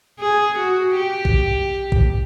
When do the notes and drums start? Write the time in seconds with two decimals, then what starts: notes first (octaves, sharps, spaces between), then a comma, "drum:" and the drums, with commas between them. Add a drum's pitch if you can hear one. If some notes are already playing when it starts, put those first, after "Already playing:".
0.20 G#4
0.58 F#4
0.96 G4
1.25 drum: kick
1.92 drum: kick